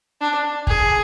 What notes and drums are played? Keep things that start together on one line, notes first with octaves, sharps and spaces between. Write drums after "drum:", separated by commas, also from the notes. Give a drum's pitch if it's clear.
D4
G#4, drum: kick